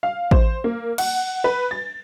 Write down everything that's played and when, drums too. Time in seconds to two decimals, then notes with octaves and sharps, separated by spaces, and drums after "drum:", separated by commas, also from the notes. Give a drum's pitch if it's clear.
0.03 F5
0.31 C5, drum: kick A1
0.64 A#3
0.98 F#5, drum: cymbal
1.44 B4
1.71 A6